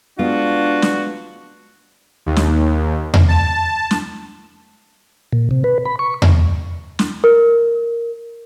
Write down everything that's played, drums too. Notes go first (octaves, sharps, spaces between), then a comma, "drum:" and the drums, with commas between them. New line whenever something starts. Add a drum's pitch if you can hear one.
G#3 B3 D4 F4 F#4
drum: snare
D#2
drum: snare
drum: tom E2
A5
drum: snare
A#2
C3
B4
B5
C#6
drum: tom E2
drum: snare
A#4